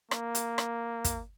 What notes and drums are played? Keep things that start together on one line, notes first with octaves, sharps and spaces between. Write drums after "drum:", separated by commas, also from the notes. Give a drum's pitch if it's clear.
A#3, drum: rim click
drum: hi-hat
drum: rim click
drum: kick, hi-hat